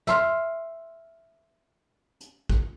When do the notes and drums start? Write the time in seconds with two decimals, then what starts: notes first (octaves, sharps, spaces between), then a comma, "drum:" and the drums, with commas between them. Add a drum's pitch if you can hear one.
0.07 E5 C6 F6, drum: snare
2.20 drum: hi-hat
2.50 drum: kick A1